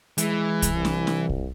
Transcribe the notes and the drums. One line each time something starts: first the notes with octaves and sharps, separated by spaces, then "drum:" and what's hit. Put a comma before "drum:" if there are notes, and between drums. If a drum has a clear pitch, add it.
E3 G#3, drum: hi-hat
drum: kick, hi-hat
C2
drum: snare
drum: snare
drum: kick